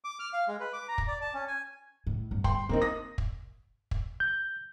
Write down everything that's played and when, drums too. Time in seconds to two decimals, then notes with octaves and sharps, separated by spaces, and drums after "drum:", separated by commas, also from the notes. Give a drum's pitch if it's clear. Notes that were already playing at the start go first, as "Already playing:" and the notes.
0.04 D6
0.20 F6
0.33 F5
0.48 G#3
0.60 B4
0.73 D6
0.88 A#5
0.98 drum: kick
1.07 D5
1.21 A5
1.34 C#4
1.48 G#5
2.07 A2
2.31 G1
2.44 G5 C6, drum: kick
2.69 A#3 C4 D4 D#4
2.81 D#6 A#6
3.18 drum: kick
3.91 drum: kick
4.20 G6